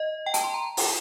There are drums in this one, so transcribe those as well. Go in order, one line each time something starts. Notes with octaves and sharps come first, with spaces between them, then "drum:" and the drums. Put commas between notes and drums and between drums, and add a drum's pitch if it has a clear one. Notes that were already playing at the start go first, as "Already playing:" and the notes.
Already playing: D#5
G5
A5, drum: hi-hat
C6
A#5
drum: open hi-hat